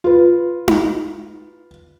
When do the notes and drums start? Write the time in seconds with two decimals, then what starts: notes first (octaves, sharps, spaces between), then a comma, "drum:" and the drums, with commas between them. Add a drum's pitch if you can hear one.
0.04 F4 B4
0.68 drum: tom D#4